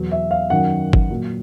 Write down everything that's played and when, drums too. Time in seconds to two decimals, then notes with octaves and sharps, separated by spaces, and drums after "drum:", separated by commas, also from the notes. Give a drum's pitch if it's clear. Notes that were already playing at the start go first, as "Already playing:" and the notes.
Already playing: E2 B2 F#3
0.12 E5
0.31 F5
0.50 F#2 D#3 F#3 F#5
0.93 drum: kick
1.10 A#2 F#3